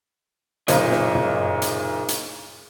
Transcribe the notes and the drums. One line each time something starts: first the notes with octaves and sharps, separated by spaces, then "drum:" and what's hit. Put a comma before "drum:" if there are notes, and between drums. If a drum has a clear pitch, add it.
F#1 B1 A#2 G#4 C#5 D#5, drum: hi-hat
drum: snare
drum: tom
drum: hi-hat
drum: hi-hat